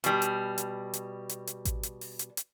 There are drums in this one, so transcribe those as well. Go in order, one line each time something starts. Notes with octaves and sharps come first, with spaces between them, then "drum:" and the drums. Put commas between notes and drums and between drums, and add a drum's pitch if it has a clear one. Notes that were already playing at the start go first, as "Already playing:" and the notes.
B2 G3, drum: hi-hat
drum: hi-hat
drum: hi-hat
drum: hi-hat
drum: hi-hat
drum: hi-hat
drum: kick A1, hi-hat
drum: hi-hat
drum: open hi-hat
drum: hi-hat
drum: hi-hat